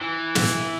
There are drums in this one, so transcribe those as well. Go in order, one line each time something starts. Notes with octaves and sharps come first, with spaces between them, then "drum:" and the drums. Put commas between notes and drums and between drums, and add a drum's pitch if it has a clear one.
E3
drum: snare